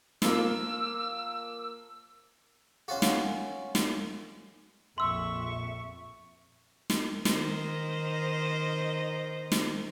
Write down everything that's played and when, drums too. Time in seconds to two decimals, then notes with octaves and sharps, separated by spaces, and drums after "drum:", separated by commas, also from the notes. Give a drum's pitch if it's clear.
0.22 F3 A#3 E6, drum: snare
2.88 C#4 F4 F#4
3.02 drum: snare
3.75 drum: snare
4.98 A#1 F2 E5 C6 C#6 E6
6.90 drum: snare
7.25 D#3 C5 D#5, drum: snare
9.52 drum: snare